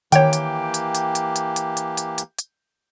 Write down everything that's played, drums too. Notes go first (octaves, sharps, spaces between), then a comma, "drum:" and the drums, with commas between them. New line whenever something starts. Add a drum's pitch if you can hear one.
D#3 E3 A#3 G4 C#5 G5, drum: hi-hat
drum: hi-hat
drum: hi-hat
drum: hi-hat
drum: hi-hat
drum: hi-hat
drum: hi-hat
drum: hi-hat
drum: hi-hat
drum: hi-hat
drum: hi-hat